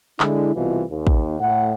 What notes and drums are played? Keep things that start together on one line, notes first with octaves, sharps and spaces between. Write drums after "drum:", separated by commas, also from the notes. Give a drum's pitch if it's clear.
D3 G#3 D4 E4, drum: clap
C2 B2 E3 F4
D#2
drum: kick
A2 F#5